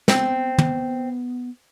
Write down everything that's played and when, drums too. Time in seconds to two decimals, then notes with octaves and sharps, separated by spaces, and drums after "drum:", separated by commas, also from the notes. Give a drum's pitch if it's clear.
0.08 B3 C4, drum: snare
0.58 B3, drum: tom